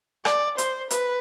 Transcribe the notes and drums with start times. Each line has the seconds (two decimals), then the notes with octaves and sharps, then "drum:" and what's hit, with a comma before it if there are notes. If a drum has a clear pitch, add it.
0.25 D5, drum: rim click
0.58 C5, drum: hi-hat
0.90 B4, drum: hi-hat